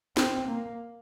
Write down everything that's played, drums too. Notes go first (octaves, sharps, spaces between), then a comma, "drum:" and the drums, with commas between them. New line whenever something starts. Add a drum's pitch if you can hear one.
C4, drum: snare
A#3